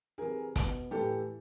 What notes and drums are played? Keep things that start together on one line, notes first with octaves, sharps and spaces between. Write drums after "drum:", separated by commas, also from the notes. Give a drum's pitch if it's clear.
C3 E3 G#4 A#4
B2, drum: kick, hi-hat
A2 E3 G4 A4